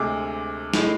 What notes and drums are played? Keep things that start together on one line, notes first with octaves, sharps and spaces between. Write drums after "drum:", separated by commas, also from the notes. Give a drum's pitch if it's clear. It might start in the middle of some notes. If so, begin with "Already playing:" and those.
Already playing: D2 C3 G#3 D6
A2 G#3, drum: snare